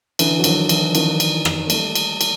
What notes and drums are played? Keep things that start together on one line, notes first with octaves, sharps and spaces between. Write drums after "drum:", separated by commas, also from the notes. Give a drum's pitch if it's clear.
D3 E3, drum: cymbal
F#3
D#3 F3, drum: cymbal
E3 F#3, drum: cymbal
D#3 F3, drum: cymbal
drum: cymbal
drum: rim click
A#3
G3 A3, drum: cymbal
drum: cymbal
drum: cymbal